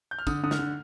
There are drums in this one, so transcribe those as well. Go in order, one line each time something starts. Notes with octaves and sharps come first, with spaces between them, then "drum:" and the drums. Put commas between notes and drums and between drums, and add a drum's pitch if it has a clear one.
G6
F6
D3 D#6, drum: kick, tambourine
D3 D#6
F6, drum: snare
D3